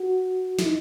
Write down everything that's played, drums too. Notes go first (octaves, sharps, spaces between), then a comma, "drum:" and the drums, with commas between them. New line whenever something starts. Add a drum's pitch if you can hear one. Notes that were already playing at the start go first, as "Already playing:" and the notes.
Already playing: F#4
E4, drum: snare
D#4